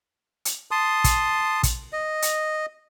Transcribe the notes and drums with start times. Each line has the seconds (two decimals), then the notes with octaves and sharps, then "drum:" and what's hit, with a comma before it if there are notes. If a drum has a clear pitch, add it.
0.45 drum: hi-hat
0.71 A5 C6 D#6
1.04 drum: kick, hi-hat
1.63 drum: kick, hi-hat
1.93 D#5
2.22 drum: hi-hat